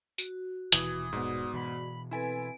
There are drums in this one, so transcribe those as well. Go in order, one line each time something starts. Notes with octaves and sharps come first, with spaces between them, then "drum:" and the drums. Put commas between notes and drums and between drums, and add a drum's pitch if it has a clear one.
F#4, drum: tambourine
D#1 B2 E3 D#6 G#6, drum: hi-hat
G#2 B3 F#4 D5
B2 E3 B5
C4 E4 A4 B4 G#5 D7